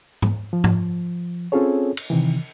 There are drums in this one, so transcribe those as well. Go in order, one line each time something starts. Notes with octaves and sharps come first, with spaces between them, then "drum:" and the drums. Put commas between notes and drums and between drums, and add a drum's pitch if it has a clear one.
drum: tom G#2
F3
drum: tom G#2
C4 C#4 F4 G#4 A4 C#5
drum: cymbal
C3 D#3 E3